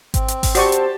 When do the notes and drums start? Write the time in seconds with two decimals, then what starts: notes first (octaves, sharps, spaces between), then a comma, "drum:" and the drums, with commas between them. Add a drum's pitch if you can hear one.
0.14 C4, drum: kick G#1, hi-hat
0.28 drum: hi-hat
0.43 drum: kick G#1, open hi-hat
0.55 F#4 G4 C5 D5 A5 C#6, drum: open hi-hat
0.72 drum: hi-hat